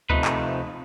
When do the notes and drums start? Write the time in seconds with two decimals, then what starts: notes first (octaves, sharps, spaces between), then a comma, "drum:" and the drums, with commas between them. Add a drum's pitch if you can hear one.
0.10 C3 F3 A3 D#4 B4, drum: kick C#2
0.25 drum: clap